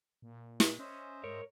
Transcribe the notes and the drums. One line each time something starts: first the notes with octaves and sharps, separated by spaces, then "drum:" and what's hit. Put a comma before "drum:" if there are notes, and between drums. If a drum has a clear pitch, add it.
A#2
drum: snare
C#4 C5 D#5 E5
G#2 A#4 C#5